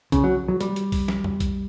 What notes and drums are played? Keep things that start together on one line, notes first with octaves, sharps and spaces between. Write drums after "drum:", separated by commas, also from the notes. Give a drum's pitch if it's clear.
C#3, drum: kick, hi-hat
F#3
F#3
G3, drum: hi-hat
drum: hi-hat
drum: kick, open hi-hat
drum: snare
drum: tom F2
drum: kick, hi-hat